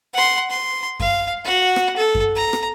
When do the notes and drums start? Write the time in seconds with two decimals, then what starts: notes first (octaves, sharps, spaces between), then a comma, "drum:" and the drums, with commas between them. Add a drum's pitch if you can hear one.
0.13 F#5 C6
0.50 C6
1.00 F5, drum: kick F#2
1.45 F#4 F#5
1.76 drum: rim click
1.97 A4
2.15 drum: kick F#2
2.35 A#5
2.53 drum: rim click